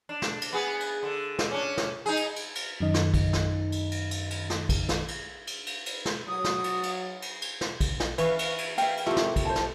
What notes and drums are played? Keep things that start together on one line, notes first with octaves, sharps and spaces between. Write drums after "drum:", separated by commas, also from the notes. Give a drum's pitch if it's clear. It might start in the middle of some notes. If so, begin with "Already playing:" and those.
D4
drum: snare
drum: cymbal
B3 G#4
drum: cymbal
D3
drum: snare
C#4 D4
drum: snare
D#4 G#4
drum: cymbal
drum: cymbal
drum: cymbal
F#2 D#3 D#4 D#5
drum: snare
drum: kick A#1, cymbal
drum: snare
drum: cymbal
drum: cymbal
drum: cymbal
drum: cymbal
drum: snare
drum: kick A#1, cymbal
drum: snare
drum: cymbal
drum: cymbal
drum: cymbal
drum: cymbal
drum: snare
F#3 D#6
drum: snare
drum: cymbal
drum: cymbal
drum: cymbal
drum: cymbal
drum: snare
drum: kick A#1, cymbal
drum: snare
E3 B4 F5 C#6, drum: cymbal
drum: cymbal
drum: cymbal
E5 F5 G5, drum: cymbal
drum: cymbal
A3 C4 E4 F4 G4 A#4
drum: snare
drum: kick A#1, cymbal
C5 A5
drum: snare